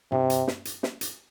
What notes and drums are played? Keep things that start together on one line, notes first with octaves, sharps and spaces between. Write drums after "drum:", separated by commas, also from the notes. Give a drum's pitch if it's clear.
C3, drum: tom G2
drum: hi-hat
drum: snare
drum: hi-hat
drum: snare
drum: hi-hat